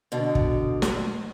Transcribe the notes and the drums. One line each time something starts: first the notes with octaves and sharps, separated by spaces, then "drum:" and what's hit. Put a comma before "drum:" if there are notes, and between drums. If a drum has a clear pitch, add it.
B2 D3
drum: kick
drum: snare